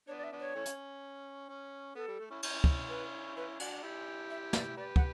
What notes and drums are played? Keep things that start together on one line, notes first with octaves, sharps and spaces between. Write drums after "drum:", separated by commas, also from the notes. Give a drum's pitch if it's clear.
B3 D4 C#5
D5
E5
B3 D4
C#5
E3 A3 C#4
drum: hi-hat
C#4
B3 A4
G3
A3
C#4 E4
C#4 E4, drum: cymbal
drum: kick
B4
C#4 E4 B4
D4 F#4, drum: cymbal
E4 G4
E5
D5, drum: snare
G4 B4 D5
F#5, drum: kick